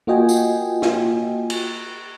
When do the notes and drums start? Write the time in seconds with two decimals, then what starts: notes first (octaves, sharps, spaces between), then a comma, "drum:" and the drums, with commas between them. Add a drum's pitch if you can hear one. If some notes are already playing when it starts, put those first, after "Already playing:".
0.07 A#3 F4 F#4 D#5 G5 G#5
0.29 drum: tambourine
0.82 drum: snare
1.50 drum: cymbal